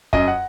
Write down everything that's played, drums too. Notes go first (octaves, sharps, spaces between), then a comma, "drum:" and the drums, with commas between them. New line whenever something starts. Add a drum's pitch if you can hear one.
F#2 D#5, drum: kick
F#5